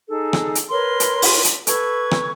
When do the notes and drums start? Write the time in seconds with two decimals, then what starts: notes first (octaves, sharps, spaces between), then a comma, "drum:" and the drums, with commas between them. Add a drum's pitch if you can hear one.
0.08 D#4 G#4 A4
0.33 drum: rim click
0.55 drum: hi-hat
0.71 A#4 B4 C#5 C6
1.00 drum: hi-hat
1.22 drum: open hi-hat
1.44 drum: hi-hat
1.67 A4 B4 C#6 G#6, drum: hi-hat
2.11 drum: rim click